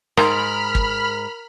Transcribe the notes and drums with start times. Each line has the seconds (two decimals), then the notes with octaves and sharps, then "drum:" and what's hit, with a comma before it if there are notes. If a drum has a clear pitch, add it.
0.17 G#2 A#4 A#5 B5 F6, drum: rim click
0.75 drum: kick